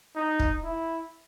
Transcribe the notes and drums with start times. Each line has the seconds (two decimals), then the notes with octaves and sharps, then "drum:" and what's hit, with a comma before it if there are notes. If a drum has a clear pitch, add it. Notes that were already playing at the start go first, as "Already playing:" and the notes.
0.16 D#4
0.40 drum: kick
0.64 E4